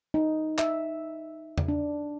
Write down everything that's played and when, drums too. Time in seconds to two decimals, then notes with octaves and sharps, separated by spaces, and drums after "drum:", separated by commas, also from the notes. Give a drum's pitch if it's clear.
0.14 D#4
0.58 E5, drum: clap
1.58 drum: tom E2
1.68 D4